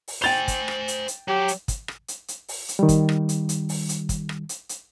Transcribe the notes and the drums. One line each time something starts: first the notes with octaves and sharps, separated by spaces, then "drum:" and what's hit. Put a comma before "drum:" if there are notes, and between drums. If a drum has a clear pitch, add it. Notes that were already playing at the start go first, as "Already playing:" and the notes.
drum: open hi-hat
C5 G5 G#5 A6 F7
drum: kick, hi-hat
drum: rim click
drum: hi-hat
drum: hi-hat
F#3 G4
drum: hi-hat
drum: kick, hi-hat
drum: rim click
drum: hi-hat
drum: hi-hat
drum: open hi-hat
drum: hi-hat
D#3 G3
drum: kick, hi-hat
drum: rim click
drum: hi-hat
drum: hi-hat
drum: open hi-hat
drum: hi-hat
drum: kick, hi-hat
drum: rim click
drum: hi-hat
drum: hi-hat